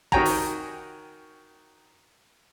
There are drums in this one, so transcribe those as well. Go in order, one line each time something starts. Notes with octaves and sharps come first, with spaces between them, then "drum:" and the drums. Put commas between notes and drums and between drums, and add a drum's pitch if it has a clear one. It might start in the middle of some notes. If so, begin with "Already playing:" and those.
D#3 F#4 C#5 G5 G#5 A#5, drum: kick
drum: open hi-hat